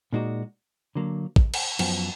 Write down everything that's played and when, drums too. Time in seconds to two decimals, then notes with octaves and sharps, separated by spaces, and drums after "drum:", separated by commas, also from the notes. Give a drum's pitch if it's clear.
0.12 A#2 G#3 D#4 F#4 D5
0.95 D3 F#3 A#3
1.36 drum: kick
1.54 drum: cymbal
1.79 F#2 F3 B3, drum: cymbal